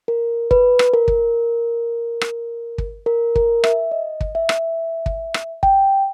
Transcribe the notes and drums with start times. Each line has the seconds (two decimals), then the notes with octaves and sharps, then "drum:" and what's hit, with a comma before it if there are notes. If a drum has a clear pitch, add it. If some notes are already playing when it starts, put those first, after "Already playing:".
0.08 A#4
0.51 B4, drum: kick
0.79 drum: rim click
0.94 A#4
1.08 drum: kick
2.21 drum: rim click
2.78 drum: kick
3.06 A#4
3.36 A#4, drum: kick
3.64 E5, drum: rim click
3.91 D#5
4.21 drum: kick
4.35 E5
4.49 drum: rim click
5.06 drum: kick
5.34 drum: rim click
5.63 G5, drum: kick